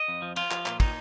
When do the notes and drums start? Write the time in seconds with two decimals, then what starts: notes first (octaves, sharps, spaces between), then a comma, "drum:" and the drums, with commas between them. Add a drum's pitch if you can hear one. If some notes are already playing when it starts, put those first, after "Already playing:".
Already playing: D#5
0.08 F2
0.22 F3
0.36 F3 F4, drum: cymbal
0.51 F3, drum: clap
0.66 A#2, drum: clap
0.80 D#3 D#4, drum: kick, cymbal